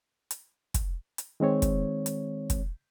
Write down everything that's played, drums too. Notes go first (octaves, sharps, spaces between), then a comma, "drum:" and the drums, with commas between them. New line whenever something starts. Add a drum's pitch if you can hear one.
drum: hi-hat
drum: kick, hi-hat
drum: hi-hat
D#3 G#3 C4 C#5
drum: kick, hi-hat
drum: hi-hat
drum: kick, hi-hat